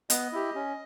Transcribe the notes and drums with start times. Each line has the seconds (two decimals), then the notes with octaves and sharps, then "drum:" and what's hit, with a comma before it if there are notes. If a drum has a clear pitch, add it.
0.10 B3 D#5, drum: hi-hat
0.33 E4 G4
0.55 C#4